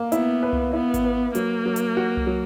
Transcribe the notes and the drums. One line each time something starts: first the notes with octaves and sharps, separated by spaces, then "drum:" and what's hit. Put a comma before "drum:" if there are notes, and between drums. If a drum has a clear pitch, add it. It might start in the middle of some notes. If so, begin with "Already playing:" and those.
Already playing: A#3
B3 E4, drum: hi-hat
B4
drum: tom C2
B3 E4
drum: kick G#1, hi-hat
B4
F#3 A#3, drum: hi-hat
F#3
drum: hi-hat
F#4
drum: tom C2
F#3